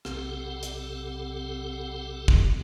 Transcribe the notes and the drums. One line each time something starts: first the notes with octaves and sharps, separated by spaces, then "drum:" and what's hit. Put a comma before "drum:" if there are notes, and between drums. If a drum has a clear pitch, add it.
B1 C3 C4 G4 A4 F#5, drum: rim click
drum: hi-hat
drum: kick